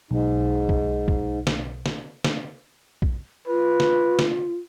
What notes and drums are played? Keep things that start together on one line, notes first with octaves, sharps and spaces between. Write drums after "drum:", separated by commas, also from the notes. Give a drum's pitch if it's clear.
B1 G#2
drum: kick A#1
drum: kick A#1
drum: snare
drum: snare
drum: snare
drum: kick A#1
F4 B4
drum: snare
drum: snare